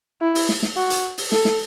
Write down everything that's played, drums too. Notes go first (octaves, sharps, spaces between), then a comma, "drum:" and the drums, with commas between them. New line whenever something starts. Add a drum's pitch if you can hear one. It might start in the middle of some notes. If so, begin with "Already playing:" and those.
E4
drum: open hi-hat
drum: snare
drum: snare
F#4
drum: hi-hat
drum: open hi-hat
A4, drum: snare
drum: snare